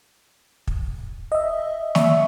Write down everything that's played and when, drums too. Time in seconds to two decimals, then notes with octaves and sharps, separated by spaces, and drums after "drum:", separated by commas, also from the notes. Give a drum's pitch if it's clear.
0.67 drum: kick
1.32 D#5 E5
1.95 D5 E5 C#6, drum: snare